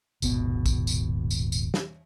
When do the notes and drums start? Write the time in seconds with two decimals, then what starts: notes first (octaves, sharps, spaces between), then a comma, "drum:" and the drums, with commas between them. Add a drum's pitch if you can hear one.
0.22 D#1 G#1 B2 B3, drum: tambourine
0.66 drum: kick, tambourine
0.87 drum: tambourine
1.31 drum: tambourine
1.52 drum: tambourine
1.74 drum: snare